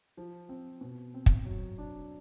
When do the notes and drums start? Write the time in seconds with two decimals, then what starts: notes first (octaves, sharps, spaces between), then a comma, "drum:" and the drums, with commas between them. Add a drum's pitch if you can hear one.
0.17 F3
0.49 C4
0.81 B2
1.14 C4
1.26 drum: kick
1.45 F#3
1.78 D4